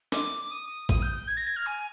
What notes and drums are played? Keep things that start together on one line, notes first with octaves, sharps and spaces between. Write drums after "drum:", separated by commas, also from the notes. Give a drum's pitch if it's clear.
D6, drum: snare
D6
D#6
D#6, drum: kick A1
G6
G6
G#6
A#6
G#6
F6
G#5